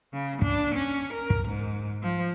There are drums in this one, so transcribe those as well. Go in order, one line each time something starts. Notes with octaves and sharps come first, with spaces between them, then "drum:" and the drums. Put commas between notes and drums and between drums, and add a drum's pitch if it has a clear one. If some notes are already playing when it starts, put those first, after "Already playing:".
C#3
D4, drum: kick
C#4
A#4
drum: kick
G#2
F3